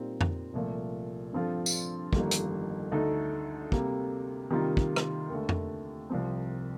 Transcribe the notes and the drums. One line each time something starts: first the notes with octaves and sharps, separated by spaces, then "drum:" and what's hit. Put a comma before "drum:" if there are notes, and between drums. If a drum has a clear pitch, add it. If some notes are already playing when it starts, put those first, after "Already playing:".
Already playing: A#2 G3 C4 D#4
drum: tom F2
C2 A#2 F3 A3
G2 F3 C4 F4 A4
drum: tambourine
G1 F2 D#3 G3 A#3, drum: kick
drum: hi-hat
D2 D3 A3 D#4 A4
C3 G3 A#3, drum: kick
C3 D#3 G3 A#3 F4
drum: kick
drum: rim click
D#2 D3 A3
drum: tom F2
C2 C3 F3 C4